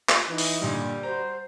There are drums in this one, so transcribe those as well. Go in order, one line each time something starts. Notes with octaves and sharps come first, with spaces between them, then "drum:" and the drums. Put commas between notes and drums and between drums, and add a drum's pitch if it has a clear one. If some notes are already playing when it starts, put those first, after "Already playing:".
F4, drum: clap
E3 D#4
drum: open hi-hat
G2 A#2 D3 G3
F#4 C5 A#5